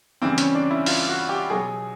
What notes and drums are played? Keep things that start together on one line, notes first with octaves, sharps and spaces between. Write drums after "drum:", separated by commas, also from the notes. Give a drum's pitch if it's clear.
C#3 E3 G3 C4
C#4, drum: hi-hat
D4
E4
F4, drum: open hi-hat
F#4
G4
B2 F#3 G#4